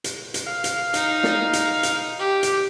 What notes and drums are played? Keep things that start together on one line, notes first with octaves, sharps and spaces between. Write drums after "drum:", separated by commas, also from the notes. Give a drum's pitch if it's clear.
drum: hi-hat
drum: hi-hat
F5
drum: hi-hat
D#4, drum: hi-hat
drum: snare
drum: hi-hat
drum: hi-hat
G4
drum: hi-hat